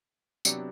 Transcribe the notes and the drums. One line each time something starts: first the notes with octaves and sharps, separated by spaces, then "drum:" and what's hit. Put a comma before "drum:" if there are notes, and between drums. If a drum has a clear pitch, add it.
C3 F#3 B3 D4 G4, drum: tambourine